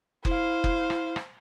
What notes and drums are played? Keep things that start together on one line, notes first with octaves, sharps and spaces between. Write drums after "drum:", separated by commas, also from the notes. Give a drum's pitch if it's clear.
E4 C5 F5, drum: kick F#1
drum: kick F#1
drum: rim click
drum: rim click